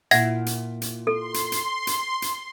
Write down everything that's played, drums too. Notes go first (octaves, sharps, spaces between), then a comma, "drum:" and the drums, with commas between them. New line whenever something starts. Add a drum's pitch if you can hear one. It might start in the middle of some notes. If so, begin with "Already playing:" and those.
A#2 E4 E5 F#5 G#6 A#6, drum: hi-hat
drum: hi-hat
drum: hi-hat
A4 C6
drum: hi-hat
drum: hi-hat
drum: hi-hat
drum: hi-hat